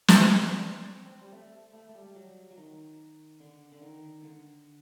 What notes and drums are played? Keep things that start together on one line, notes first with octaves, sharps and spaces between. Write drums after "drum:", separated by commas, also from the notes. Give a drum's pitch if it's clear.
D4, drum: snare
C4
C4
G3
A3
A3
A3
G3
F#3
F#3
D#3
D3
D3
D#3
D3